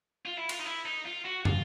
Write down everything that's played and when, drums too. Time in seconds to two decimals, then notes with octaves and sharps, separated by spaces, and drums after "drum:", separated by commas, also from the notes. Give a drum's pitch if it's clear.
0.25 F4
0.37 E4
0.49 F4, drum: cymbal
0.59 D#4
0.65 E4
0.85 D#4
1.06 F4
1.25 F#4
1.45 F4, drum: tom